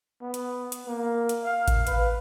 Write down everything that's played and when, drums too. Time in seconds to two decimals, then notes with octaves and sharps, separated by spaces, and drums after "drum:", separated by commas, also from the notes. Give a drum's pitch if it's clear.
0.22 B3
0.34 drum: hi-hat
0.72 drum: hi-hat
0.87 A#3
1.29 drum: hi-hat
1.45 F5
1.68 drum: kick A1, hi-hat
1.87 B4, drum: hi-hat